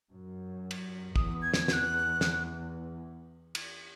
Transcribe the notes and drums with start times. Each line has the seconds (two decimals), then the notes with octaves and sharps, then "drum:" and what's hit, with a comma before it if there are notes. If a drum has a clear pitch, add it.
0.10 F#2
0.71 drum: cymbal
1.16 E2 D#6, drum: kick
1.42 G#6
1.54 drum: snare
1.68 G#6, drum: snare
1.73 F#6
2.21 drum: snare
3.55 drum: cymbal